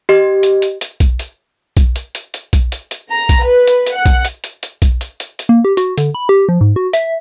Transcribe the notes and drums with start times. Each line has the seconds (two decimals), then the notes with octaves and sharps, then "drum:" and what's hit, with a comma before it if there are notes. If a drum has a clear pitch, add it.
0.09 G4 D#5
0.43 drum: hi-hat
0.62 drum: hi-hat
0.81 drum: hi-hat
1.00 drum: kick B1, hi-hat
1.19 drum: hi-hat
1.77 drum: kick B1, hi-hat
1.96 drum: hi-hat
2.15 drum: hi-hat
2.34 drum: hi-hat
2.53 drum: kick B1, hi-hat
2.72 drum: hi-hat
2.91 drum: hi-hat
3.11 A#5
3.29 drum: kick B1, hi-hat
3.43 B4
3.67 drum: hi-hat
3.87 drum: hi-hat
3.96 F#5
4.06 drum: kick B1, hi-hat
4.25 drum: hi-hat
4.44 drum: hi-hat
4.63 drum: hi-hat
4.82 drum: kick B1, hi-hat
5.01 drum: hi-hat
5.20 drum: hi-hat
5.39 drum: hi-hat
5.49 A#3
5.65 G4
5.77 F#4, drum: hi-hat
5.98 D3, drum: hi-hat
6.15 B5
6.29 G4
6.49 F3
6.61 G#2
6.76 F#4
6.93 E5, drum: hi-hat